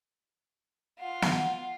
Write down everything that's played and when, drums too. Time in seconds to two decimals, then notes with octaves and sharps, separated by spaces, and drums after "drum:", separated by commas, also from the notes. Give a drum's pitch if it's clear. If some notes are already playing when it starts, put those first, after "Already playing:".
0.99 F4 F#5
1.22 drum: snare